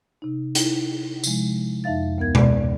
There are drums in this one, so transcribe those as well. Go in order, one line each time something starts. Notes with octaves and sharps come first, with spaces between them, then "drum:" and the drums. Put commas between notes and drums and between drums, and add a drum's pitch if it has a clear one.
C3 D#4
D#4 E4, drum: hi-hat
C3 F3 G#3, drum: tambourine
F2 D#4 E5 F5 A6
D2 B3 A#4 G#6
G#3 D5, drum: tom B2